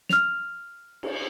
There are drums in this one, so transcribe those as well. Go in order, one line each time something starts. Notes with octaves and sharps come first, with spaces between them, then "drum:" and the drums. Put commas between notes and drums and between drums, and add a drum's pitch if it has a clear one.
F6 F7, drum: snare
drum: cymbal